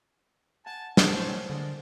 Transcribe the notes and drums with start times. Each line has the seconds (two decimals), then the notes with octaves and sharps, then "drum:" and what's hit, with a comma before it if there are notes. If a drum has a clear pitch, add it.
0.66 F#5 G#5 A5
0.97 C#4 A4 A#4 C5 C#5 A5 C6, drum: snare
1.50 D3 G#3 D4 D5